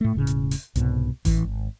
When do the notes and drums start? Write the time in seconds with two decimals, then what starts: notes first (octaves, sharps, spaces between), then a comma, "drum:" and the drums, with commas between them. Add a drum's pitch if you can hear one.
0.01 A2 A3
0.15 E1 A2 C#3
0.27 drum: hi-hat
0.51 drum: open hi-hat
0.76 C2 G#2 B2, drum: hi-hat
1.25 A1 E3, drum: kick G#1, open hi-hat
1.44 G#1